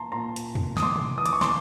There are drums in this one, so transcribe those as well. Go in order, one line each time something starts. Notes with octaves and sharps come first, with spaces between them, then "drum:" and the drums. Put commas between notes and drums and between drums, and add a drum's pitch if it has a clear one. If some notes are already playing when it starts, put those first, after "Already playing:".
Already playing: A#2 A5 A#5 C6
A#2 A#5 C6
drum: hi-hat
drum: tom E2
D#6, drum: snare
A2 C6 D6
drum: tom B2
E3 D#6
D6, drum: hi-hat
C#6
C6 D6, drum: snare